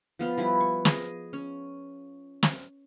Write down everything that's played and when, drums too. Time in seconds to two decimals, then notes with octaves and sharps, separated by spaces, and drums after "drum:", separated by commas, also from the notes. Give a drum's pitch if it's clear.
0.19 F3 B3 F4
0.38 F3 G3 E4 B4
0.61 C#6
0.85 G#4 D#5, drum: snare
1.33 C#4
2.43 drum: snare